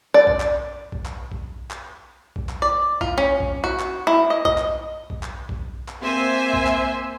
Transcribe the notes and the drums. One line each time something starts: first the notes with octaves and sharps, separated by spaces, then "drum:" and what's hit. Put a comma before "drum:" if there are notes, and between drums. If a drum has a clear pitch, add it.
D5
drum: kick A#1
drum: clap
drum: kick A#1
drum: clap
drum: kick A#1
drum: clap
drum: kick A#1
drum: clap
D5
F4, drum: kick A#1
C#4
drum: kick A#1
F#4
drum: clap
E4
D#5
D#5, drum: kick A#1
drum: clap
drum: kick A#1
drum: clap
drum: kick A#1
drum: clap
A#3 C4 E5 G#5 C6
drum: kick A#1
drum: clap